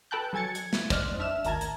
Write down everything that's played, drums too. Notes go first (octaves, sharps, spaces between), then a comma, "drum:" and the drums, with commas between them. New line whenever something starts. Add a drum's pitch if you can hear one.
A4 B4 G5 A5 F#6 G6
F#3 A4 G#5 G#6 A6 C#7
G#6, drum: hi-hat
drum: snare
C5 D5 D#5 F6 F#6, drum: kick, hi-hat
drum: tom F2
D4 E5 F6 E7
G#1 D2 A#4 A5 A#5 G#6, drum: hi-hat
drum: hi-hat